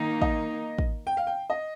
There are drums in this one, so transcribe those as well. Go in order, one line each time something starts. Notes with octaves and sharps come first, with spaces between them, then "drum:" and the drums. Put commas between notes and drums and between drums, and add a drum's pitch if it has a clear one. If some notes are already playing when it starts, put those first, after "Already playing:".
Already playing: D#3 A#3 D#4
D#5, drum: kick
drum: kick
G5
F5
G5
D#5